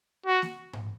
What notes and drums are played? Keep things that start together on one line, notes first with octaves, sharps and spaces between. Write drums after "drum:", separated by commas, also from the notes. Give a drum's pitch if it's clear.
F#4
drum: snare A#3
drum: tom G#2